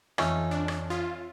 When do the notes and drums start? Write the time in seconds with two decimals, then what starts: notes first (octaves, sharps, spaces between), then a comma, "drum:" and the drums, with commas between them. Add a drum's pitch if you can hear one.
0.18 F2 E3 A3 C#4 D#4 F4, drum: rim click
0.51 D4
0.68 drum: rim click
0.90 F4 C#5 E5 D#6